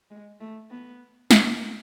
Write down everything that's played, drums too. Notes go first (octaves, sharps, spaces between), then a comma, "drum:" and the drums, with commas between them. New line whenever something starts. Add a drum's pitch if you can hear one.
G#3
A3
B3
A#3, drum: snare